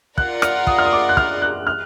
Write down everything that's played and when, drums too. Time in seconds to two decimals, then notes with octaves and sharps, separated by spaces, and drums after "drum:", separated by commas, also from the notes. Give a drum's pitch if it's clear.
0.18 F4 A#4 D5 F#5 F#6, drum: kick
0.42 F6, drum: rim click
0.67 D#6, drum: kick
0.78 F6
0.85 D#6
0.93 D6
1.09 F#6
1.17 F6, drum: kick
1.42 F#6
1.67 F6